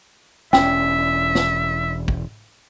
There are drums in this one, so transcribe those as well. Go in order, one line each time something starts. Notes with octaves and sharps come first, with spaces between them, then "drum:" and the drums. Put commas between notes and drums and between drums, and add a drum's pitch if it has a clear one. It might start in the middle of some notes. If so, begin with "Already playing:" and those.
E1 C#4 E5 G5, drum: snare
drum: snare
drum: kick